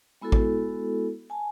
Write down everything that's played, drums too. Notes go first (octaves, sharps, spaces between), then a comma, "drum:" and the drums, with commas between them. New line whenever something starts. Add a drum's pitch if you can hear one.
G#3 B3 E4 F#4 A4
drum: kick
G#5 A5